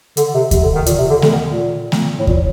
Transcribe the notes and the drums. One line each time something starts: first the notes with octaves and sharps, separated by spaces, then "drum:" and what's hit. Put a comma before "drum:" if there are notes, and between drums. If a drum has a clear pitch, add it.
D3, drum: hi-hat
C3
C3, drum: kick D#2, hi-hat
D3
D#3
A#2, drum: hi-hat
C3
D3
D3, drum: snare A3
D#3
A#2
drum: snare A3
A2
A#2, drum: kick D#2